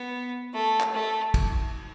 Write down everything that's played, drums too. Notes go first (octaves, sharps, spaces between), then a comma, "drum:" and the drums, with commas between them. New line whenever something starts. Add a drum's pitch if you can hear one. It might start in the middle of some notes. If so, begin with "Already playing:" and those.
Already playing: B3
A3
drum: clap
A3
drum: kick, cymbal